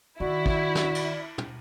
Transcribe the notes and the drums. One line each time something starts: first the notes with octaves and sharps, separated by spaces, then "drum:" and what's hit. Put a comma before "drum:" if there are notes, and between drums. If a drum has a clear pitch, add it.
D#3 E4 F#4 D5
drum: kick
drum: snare
drum: cymbal
drum: tom